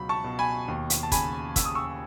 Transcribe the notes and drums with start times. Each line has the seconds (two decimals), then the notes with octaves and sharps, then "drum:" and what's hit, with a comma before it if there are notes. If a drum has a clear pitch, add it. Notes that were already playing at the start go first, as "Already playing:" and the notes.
Already playing: C#2 B2 F#3 B5
0.09 A5 C#6
0.24 B2
0.39 G#5 B5
0.68 D#2
0.90 drum: hi-hat
1.03 A5
1.12 C#3 G#5 B5, drum: kick, hi-hat
1.56 C#3 E6, drum: kick, hi-hat
1.65 D#6
1.75 C#6 E6